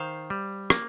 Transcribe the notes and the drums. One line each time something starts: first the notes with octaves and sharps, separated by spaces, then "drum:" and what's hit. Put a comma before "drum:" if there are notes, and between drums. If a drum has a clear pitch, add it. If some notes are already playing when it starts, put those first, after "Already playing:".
Already playing: D#3 C5 F5
G3
A#3, drum: rim click